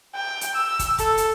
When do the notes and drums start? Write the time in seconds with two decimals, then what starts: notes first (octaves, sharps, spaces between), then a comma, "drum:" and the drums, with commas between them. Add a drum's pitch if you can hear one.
0.16 G5
0.41 drum: hi-hat
0.55 E6
0.79 drum: kick, hi-hat
0.98 A4, drum: kick, hi-hat
1.17 drum: hi-hat